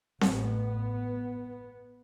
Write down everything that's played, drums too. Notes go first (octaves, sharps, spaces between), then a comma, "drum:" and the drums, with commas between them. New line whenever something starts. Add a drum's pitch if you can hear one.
A1 A2 B3, drum: snare C4